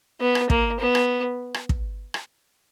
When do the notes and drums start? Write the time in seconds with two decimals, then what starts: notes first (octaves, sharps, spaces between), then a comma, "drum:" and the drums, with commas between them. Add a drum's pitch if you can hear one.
0.20 B3
0.35 drum: rim click
0.50 A#3, drum: kick
0.80 B3
0.95 drum: rim click
1.54 drum: rim click
1.69 drum: kick
2.14 drum: rim click